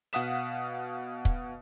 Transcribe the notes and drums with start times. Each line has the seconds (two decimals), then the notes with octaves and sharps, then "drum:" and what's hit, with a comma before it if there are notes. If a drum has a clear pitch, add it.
0.13 B2 F5 F#5 D#6 B6 E7, drum: hi-hat
1.25 drum: kick